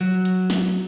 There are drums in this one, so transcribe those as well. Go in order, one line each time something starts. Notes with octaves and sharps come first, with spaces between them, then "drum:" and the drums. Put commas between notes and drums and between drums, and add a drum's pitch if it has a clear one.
F#3
drum: hi-hat
drum: snare